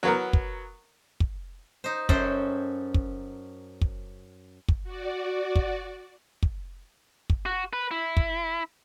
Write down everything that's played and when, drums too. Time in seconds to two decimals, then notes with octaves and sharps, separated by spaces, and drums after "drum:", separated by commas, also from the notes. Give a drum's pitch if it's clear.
0.03 F#3 B3 A#4
0.33 drum: kick
1.20 drum: kick
1.84 D#4 C5
2.09 F#2 C#4 A4 C5 G5 C6, drum: kick
2.94 drum: kick
3.81 drum: kick
4.68 drum: kick
4.84 F#4 D5
5.56 drum: kick
6.43 drum: kick
7.30 drum: kick
7.46 F#4
7.73 B4
7.91 E4
8.17 drum: kick